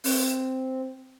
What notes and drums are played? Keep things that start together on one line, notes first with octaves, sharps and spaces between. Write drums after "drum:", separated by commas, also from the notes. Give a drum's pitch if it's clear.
C4, drum: open hi-hat